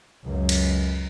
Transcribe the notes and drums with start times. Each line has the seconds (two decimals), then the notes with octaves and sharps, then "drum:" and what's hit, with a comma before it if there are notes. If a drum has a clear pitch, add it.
0.24 C#2 F#2
0.49 drum: cymbal